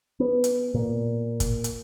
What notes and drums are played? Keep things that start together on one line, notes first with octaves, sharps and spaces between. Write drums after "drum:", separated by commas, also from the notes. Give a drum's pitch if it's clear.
B3
drum: hi-hat
A#2
drum: kick, hi-hat
drum: hi-hat